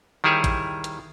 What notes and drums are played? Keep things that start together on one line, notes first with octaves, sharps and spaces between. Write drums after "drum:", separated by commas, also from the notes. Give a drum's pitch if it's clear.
D#3 G3 E4 G#4 C#5
drum: kick, hi-hat
drum: hi-hat